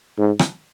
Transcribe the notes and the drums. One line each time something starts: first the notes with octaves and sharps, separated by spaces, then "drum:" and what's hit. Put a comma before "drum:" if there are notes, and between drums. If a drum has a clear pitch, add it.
G#2
drum: rim click